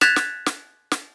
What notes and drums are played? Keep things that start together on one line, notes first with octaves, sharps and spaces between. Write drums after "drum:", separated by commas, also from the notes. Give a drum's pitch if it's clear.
F#6 G#6 A6 B6 E7 F7, drum: snare
drum: snare
drum: snare
drum: snare